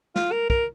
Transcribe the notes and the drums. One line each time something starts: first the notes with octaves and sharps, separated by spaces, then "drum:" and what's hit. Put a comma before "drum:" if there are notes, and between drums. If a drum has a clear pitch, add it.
F4, drum: snare
A#4
A#4, drum: kick